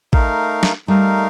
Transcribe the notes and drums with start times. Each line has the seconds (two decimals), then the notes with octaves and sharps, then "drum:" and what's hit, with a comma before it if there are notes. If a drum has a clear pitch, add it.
0.13 A3 D#4 A#4 F5, drum: kick
0.63 drum: snare
0.88 G3 A3 D#4 A#4 F5